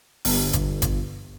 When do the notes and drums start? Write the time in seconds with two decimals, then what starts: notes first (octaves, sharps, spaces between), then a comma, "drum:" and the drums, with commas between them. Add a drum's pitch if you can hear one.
0.25 G1, drum: open hi-hat
0.53 drum: kick G#1, hi-hat
0.82 drum: kick G#1, hi-hat